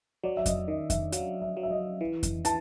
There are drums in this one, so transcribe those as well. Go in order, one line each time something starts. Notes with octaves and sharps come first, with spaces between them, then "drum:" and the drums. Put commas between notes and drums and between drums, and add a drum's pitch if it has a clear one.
F#3 D5
E5
D#5, drum: kick F2, hi-hat
D#3 D#5
E5, drum: kick F2, hi-hat
F#3 F5, drum: hi-hat
E5
F#3
E5
D#5
E3
drum: kick F2, hi-hat
E3 A5, drum: hi-hat